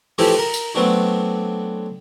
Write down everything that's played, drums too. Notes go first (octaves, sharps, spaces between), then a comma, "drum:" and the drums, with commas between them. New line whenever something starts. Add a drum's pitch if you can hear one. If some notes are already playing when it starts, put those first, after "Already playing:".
E3 F3 A3 E4 G4 C5, drum: open hi-hat
A#4
drum: tambourine
F#3 A3 B3 C4 D4 F#4